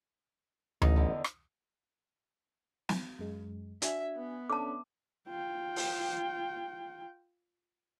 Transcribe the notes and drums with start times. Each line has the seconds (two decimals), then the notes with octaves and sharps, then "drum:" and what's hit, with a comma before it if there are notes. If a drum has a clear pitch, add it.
0.82 A1 D#4, drum: tom D2
0.96 E2 D3
1.24 drum: rim click
2.89 drum: snare
3.19 F#2 G#3
3.82 D4 F#4 E5 G#5, drum: hi-hat
4.16 B3
4.50 C#4 D4 A4 A5 D6
5.29 F4 G5
5.76 drum: open hi-hat